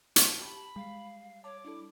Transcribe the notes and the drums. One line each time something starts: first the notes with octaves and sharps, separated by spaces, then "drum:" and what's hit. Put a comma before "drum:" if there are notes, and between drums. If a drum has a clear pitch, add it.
D#5 F5 A5 G6, drum: hi-hat
G4 B5
G3 G#3 F5
C#5 A5 D6
D4 E4 A4